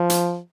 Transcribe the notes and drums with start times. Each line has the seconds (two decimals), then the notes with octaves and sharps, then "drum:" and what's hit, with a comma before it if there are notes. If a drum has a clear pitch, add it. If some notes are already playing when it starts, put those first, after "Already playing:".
Already playing: F3
0.10 drum: hi-hat